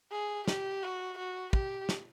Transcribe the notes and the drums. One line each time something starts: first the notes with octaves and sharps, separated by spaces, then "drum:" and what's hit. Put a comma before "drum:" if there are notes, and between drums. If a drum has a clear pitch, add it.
G#4
G4, drum: snare
F#4
F#4
G4, drum: kick
drum: snare